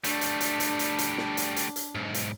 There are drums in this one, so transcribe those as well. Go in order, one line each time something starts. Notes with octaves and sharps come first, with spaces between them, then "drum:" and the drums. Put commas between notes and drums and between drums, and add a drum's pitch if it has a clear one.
G3 A3 D4, drum: hi-hat
drum: hi-hat
drum: hi-hat
drum: hi-hat
drum: hi-hat
drum: hi-hat
drum: snare
drum: hi-hat
drum: hi-hat
drum: hi-hat
B1 G#2
drum: hi-hat